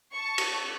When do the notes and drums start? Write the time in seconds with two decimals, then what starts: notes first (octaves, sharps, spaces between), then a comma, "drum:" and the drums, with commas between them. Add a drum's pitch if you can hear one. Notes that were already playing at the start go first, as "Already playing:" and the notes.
0.14 A5 C#6
0.38 drum: cymbal